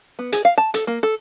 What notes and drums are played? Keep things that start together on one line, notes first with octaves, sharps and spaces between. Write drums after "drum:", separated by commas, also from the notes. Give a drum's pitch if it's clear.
B3
G#4, drum: hi-hat
F5
A5
A4, drum: hi-hat
A#3
A4